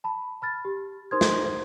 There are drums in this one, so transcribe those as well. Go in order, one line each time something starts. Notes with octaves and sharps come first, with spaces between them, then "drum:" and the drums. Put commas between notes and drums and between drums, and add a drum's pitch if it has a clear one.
A5 B5
B5 F6 A6
G4
D#4 A#4 C5 C6 D#6 G#6
drum: snare